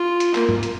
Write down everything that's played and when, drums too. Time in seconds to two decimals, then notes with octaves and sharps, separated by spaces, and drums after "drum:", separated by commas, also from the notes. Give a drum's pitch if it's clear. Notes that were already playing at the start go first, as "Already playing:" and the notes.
Already playing: F4
0.20 drum: hi-hat
0.35 A#3, drum: clap
0.49 drum: tom G#2
0.63 drum: hi-hat